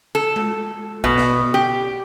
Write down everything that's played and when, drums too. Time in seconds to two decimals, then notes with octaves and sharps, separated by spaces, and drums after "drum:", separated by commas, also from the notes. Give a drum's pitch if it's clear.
0.15 A4
0.36 drum: tom G#3
1.04 B2, drum: kick A#1
1.18 drum: snare
1.54 G4